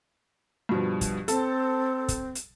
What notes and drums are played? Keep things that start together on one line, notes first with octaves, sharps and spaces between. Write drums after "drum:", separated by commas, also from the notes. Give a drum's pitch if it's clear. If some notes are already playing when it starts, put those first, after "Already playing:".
G2 B2 F3
drum: kick, hi-hat
C4 A4 A5, drum: hi-hat
drum: kick, hi-hat
drum: hi-hat